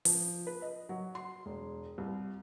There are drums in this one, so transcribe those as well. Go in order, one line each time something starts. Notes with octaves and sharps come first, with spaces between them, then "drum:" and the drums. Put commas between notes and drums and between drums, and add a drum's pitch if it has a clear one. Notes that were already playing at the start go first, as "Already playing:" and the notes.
F3, drum: open hi-hat
B4
D#5
F#3
C6
E1
C2